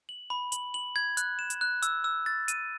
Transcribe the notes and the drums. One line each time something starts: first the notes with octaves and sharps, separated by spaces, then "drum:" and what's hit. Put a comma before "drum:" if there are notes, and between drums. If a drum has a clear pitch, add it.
F#7
B5
F#7, drum: hi-hat
F#7
G#6
F#6, drum: hi-hat
E7
drum: hi-hat
F#6
E6, drum: hi-hat
E6
A6
D#7, drum: hi-hat